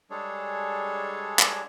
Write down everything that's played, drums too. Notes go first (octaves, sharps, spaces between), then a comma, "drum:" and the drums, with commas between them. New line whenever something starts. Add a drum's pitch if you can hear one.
G3 G#3 D4 G#4 A4 C#5
drum: clap